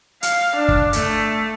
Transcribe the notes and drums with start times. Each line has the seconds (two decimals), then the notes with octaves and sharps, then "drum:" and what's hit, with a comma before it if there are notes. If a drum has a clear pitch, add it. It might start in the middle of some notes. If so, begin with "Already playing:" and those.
0.23 F5, drum: hi-hat
0.56 D4
0.68 drum: kick
0.93 A3, drum: hi-hat